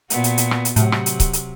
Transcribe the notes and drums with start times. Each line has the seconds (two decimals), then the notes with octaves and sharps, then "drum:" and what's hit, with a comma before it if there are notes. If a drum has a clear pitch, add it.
0.10 A#2 B3 F#4, drum: hi-hat
0.24 drum: hi-hat
0.38 drum: hi-hat
0.51 drum: rim click
0.65 drum: hi-hat
0.76 A2 C3 F#3, drum: hi-hat
0.92 drum: rim click
1.06 drum: hi-hat
1.20 drum: kick C#1, hi-hat
1.33 drum: hi-hat